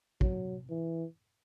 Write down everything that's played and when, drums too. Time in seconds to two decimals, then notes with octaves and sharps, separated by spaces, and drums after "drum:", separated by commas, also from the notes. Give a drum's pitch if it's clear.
0.21 F#3, drum: kick
0.70 E3